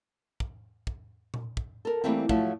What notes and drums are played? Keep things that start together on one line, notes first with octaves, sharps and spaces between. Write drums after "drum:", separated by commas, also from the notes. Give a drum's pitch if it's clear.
drum: kick
drum: kick
drum: tom A#2
drum: kick
A4 A#4
E3 G3 A3 A#3 C4
F3 F#3 A3, drum: kick